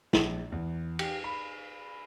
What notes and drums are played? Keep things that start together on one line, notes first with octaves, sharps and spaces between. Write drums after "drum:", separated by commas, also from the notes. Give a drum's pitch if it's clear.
A#1, drum: snare
E2
G4, drum: cymbal
B5